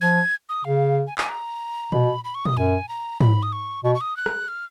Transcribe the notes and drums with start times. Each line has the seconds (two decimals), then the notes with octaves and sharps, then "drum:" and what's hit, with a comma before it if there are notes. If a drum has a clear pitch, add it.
0.01 F3 G#6
0.49 D#6
0.65 C#3 F5
1.07 G#5
1.18 G#5, drum: clap
1.29 A#5
1.92 B2 B5, drum: tom A#2
2.24 B5
2.35 C#6
2.45 D#6, drum: tom A#2
2.57 F#2 G#5
2.89 A#5
3.21 B5, drum: tom G#2
3.43 D#6
3.52 C#6
3.84 B2 C#6
3.95 C#6
4.01 D#6
4.17 F#6
4.26 drum: rim click
4.48 F6